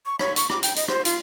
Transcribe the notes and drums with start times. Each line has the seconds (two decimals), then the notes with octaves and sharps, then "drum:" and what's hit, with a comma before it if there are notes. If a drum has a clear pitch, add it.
0.06 C#6
0.19 C#5, drum: rim click
0.36 C#6, drum: hi-hat
0.50 D6, drum: rim click
0.63 G5, drum: hi-hat
0.76 D#5, drum: hi-hat
0.88 C5, drum: rim click
1.05 F4, drum: hi-hat